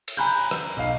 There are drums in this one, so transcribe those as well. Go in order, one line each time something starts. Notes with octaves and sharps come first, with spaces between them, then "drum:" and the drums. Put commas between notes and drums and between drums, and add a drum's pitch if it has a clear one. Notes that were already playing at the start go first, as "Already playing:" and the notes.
drum: cymbal
G#5 A#5 B5 F#6 G6
drum: rim click
B1 F5